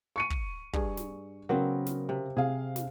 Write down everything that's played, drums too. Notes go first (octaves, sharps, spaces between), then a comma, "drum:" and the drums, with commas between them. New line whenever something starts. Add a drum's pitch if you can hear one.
C#6 C#7 D#7
drum: kick
G2 G#4, drum: kick
drum: snare
C#3 F#3 B3 C4 A#4
drum: snare
C3
C3 G#4 F5
drum: snare